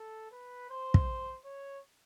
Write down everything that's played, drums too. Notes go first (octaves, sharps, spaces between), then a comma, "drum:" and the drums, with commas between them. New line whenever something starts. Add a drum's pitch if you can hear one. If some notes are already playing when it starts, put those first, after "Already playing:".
Already playing: A4
B4
C5
drum: kick
C#5